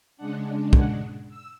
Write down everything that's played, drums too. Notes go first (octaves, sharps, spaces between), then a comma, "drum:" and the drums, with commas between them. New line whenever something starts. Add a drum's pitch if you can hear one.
C#3 G#3 D4 F#5
F#5, drum: kick
E6